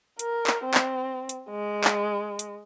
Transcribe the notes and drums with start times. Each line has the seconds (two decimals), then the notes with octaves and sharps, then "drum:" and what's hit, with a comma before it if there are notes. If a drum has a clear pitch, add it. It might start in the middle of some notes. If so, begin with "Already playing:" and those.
0.19 A#4, drum: hi-hat
0.47 drum: clap
0.65 C4
0.74 drum: clap
1.29 drum: hi-hat
1.50 G#3
1.84 drum: clap
2.39 drum: hi-hat